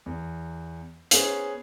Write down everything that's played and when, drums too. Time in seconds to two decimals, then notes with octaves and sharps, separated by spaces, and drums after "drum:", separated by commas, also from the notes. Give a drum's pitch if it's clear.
0.06 E2
1.11 B3 C#4 G#4 C5, drum: hi-hat